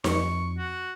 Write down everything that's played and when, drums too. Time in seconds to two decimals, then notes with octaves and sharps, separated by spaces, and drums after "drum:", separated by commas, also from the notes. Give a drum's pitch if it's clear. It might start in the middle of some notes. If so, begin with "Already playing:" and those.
0.04 F2 C#6, drum: snare D#4
0.58 F#4